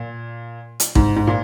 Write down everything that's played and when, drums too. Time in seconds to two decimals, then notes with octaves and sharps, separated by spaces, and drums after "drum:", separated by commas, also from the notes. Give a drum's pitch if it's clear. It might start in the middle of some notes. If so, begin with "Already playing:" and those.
Already playing: A#2
0.80 drum: hi-hat
0.95 G#2, drum: kick A1
1.16 G#2
1.27 A#2